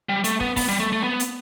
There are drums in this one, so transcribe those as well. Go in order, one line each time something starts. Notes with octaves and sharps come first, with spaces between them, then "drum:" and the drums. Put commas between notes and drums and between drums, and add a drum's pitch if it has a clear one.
G3
A3, drum: hi-hat
B3, drum: kick
B3, drum: kick, open hi-hat
G3
A3
A3
B3
drum: hi-hat